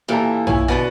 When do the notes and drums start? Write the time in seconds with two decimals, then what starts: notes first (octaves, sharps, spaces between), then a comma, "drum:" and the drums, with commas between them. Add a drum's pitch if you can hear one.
0.08 A#2 E3 G4 A4 A#5
0.47 E4 C#5 G#5, drum: tom A#1
0.68 B2 D3 F#4 B4 D5